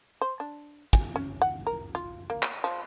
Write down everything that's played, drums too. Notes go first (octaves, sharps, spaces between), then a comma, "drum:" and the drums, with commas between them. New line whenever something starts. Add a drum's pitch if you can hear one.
C5
D4
G#5, drum: kick
C#4
F#5
A#4
F4
A#3
drum: clap
F3